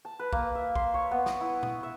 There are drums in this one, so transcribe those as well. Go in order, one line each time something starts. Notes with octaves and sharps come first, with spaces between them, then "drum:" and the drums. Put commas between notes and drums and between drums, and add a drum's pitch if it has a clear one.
A5
B4
A#3, drum: kick B1
E5
C6, drum: kick B1
C#5
B3
D#6, drum: snare
E4
D#6, drum: tom A#2
E5